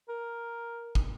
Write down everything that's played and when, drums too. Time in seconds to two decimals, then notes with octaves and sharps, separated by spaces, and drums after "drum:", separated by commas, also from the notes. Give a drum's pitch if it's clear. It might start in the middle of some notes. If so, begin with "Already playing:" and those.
0.09 A#4
0.95 drum: kick